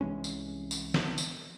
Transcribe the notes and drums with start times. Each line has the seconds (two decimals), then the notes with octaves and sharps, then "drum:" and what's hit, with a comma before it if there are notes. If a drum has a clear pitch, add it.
0.01 C2 E3 G#3 C#4
0.24 drum: tambourine
0.71 drum: tambourine
0.94 drum: snare
1.18 drum: tambourine